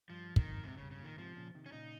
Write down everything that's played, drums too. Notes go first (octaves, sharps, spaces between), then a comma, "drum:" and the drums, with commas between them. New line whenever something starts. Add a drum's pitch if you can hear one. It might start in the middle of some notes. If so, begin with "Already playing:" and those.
G2 F3
F2 D#3, drum: kick
G#2 C3
C#3
G2
C#3
A#2 D#3
G#2 C3 F3
A#2 C#3
C3 D#3
C#4
A#2 C#3 D#4